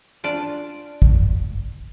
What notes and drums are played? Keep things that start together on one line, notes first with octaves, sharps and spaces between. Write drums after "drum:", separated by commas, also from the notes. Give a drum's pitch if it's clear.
D4 F4 D5
drum: kick